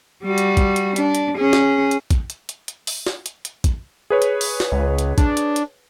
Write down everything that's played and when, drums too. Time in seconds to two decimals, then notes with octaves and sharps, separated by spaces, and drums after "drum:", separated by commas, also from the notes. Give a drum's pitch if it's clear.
0.24 G3 F#4
0.38 drum: hi-hat
0.57 drum: kick, hi-hat
0.76 drum: hi-hat
0.96 D4, drum: hi-hat
1.15 drum: hi-hat
1.38 C#4 G#4
1.53 drum: snare
1.91 drum: hi-hat
2.11 drum: kick, hi-hat
2.30 drum: hi-hat
2.49 drum: hi-hat
2.68 drum: hi-hat
2.87 drum: open hi-hat
3.07 drum: snare
3.26 drum: hi-hat
3.45 drum: hi-hat
3.64 drum: kick, hi-hat
4.10 G#4 B4 C#5
4.22 drum: hi-hat
4.41 drum: open hi-hat
4.60 drum: snare
4.72 C#2
4.98 drum: hi-hat
5.18 D4, drum: kick, hi-hat
5.37 drum: hi-hat
5.56 drum: hi-hat